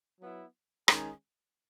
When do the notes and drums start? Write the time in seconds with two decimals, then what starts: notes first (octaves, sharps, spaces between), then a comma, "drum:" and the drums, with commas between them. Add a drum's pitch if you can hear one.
0.20 F#3 B3 E4
0.88 D#3 G#3 C#4 G#4, drum: rim click